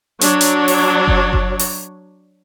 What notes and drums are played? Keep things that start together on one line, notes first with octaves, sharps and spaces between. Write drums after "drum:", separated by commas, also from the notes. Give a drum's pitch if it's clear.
F#3 D4 C#5, drum: hi-hat
drum: hi-hat
drum: open hi-hat
drum: kick F#1
drum: kick F#1
drum: open hi-hat